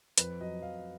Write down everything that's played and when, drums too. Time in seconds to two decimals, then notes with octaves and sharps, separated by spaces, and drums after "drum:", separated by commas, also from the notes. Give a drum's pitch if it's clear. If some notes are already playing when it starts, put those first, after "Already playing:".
0.18 F2 B4, drum: hi-hat
0.41 F#3 D#5
0.62 F2 F5